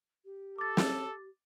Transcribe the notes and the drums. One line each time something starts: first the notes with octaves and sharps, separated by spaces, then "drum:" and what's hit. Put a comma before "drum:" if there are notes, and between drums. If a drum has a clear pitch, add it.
G4
A4 D6 A6
drum: snare